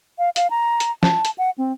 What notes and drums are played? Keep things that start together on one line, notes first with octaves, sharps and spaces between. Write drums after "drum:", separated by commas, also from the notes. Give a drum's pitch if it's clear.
F5
F5, drum: hi-hat
A#5
drum: hi-hat
A5, drum: snare
drum: hi-hat
F#5
C4